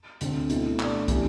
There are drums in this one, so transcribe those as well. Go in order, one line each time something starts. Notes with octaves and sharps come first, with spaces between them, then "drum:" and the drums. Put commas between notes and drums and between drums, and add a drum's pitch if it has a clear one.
D2 D3 A3 C4, drum: hi-hat
B2 A3 E4, drum: hi-hat
B2 A3 D4, drum: clap
C3 E3 B3 D4, drum: kick, hi-hat